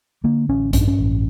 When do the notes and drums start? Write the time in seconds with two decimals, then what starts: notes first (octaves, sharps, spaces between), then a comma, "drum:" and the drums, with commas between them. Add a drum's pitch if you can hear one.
0.24 D3 A#3
0.49 A1 C#4
0.73 G2 C#4, drum: kick A#1, hi-hat
0.81 D4
0.88 C#4
0.99 A1